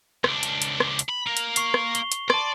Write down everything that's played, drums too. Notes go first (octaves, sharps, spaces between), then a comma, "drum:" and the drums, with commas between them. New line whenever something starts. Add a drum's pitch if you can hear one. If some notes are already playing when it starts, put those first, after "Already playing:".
C#2 D4, drum: rim click
drum: hi-hat
drum: hi-hat
drum: rim click
drum: hi-hat
B5
A#3 F7
drum: hi-hat
C#6 C7, drum: hi-hat
drum: rim click
G7, drum: hi-hat
drum: hi-hat
D5 A5 C6, drum: rim click